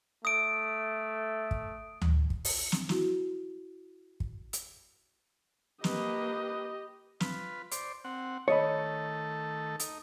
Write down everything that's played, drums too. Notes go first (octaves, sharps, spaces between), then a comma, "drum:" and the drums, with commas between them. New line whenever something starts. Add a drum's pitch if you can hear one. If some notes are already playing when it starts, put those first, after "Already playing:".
A3 D#6 D7
drum: kick
drum: tom D2
drum: kick
drum: open hi-hat
drum: snare
E4 F#4, drum: snare
drum: kick
drum: hi-hat
A#3 G4 B4 D#5, drum: snare
F4 B4, drum: snare
C5 D5, drum: hi-hat
C4 F#5
D#3 A3 A4 C#5 D#5 B5
D#4, drum: hi-hat